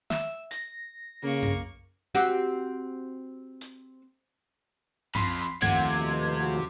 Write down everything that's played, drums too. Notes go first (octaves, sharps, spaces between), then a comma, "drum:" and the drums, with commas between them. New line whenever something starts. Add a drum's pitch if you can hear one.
E5, drum: snare
A#6, drum: hi-hat
C#3 A#3 C#6
drum: tom F#2
C4 F#4 G4, drum: hi-hat
drum: hi-hat
F2 B5 C6, drum: tom F#2
D#2 C3 F3 A3 F#5 G#6, drum: tom F#2
B2
C#3 F#4